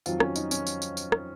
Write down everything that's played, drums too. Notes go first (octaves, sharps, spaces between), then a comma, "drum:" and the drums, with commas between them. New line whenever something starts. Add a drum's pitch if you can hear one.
F2 D#3 F#3 F4, drum: tambourine
C#4, drum: rim click
D#4, drum: tambourine
C#4, drum: tambourine
drum: tambourine
drum: tambourine
drum: tambourine
drum: rim click